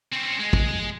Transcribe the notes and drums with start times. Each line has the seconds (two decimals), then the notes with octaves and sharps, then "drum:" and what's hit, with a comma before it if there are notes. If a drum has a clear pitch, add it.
0.13 C4 C#4
0.40 G#3
0.53 drum: kick